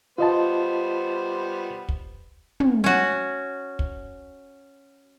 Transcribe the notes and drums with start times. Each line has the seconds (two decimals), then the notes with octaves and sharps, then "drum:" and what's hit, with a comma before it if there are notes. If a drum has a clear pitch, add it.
0.18 G3 B3 F4 C5 D#5 A5
1.89 drum: kick
2.60 drum: tom
2.84 C#4 F#4
3.79 drum: kick